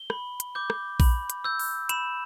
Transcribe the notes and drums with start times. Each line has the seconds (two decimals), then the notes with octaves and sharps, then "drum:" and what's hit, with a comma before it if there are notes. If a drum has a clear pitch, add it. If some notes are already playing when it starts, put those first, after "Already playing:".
Already playing: G7
0.10 B5, drum: rim click
0.40 drum: hi-hat
0.55 D6 G6
0.70 drum: rim click
1.00 B5, drum: kick A#1, open hi-hat
1.30 drum: hi-hat
1.44 E6 G6
1.59 drum: open hi-hat
1.89 B5 E7, drum: hi-hat